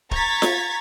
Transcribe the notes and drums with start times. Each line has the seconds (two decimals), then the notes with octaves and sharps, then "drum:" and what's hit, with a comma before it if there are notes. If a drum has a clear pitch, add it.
0.11 A#5 C#6 G#6 A6 B6, drum: kick
0.42 drum: snare F4